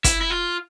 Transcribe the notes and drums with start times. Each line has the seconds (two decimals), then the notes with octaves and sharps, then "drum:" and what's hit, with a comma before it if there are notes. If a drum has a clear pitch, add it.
0.04 E4, drum: kick, hi-hat
0.21 E4
0.30 F4